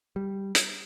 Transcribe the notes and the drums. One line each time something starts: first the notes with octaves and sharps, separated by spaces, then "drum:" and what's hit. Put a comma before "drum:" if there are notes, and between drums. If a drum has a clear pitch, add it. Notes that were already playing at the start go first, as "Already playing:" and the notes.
G3
drum: hi-hat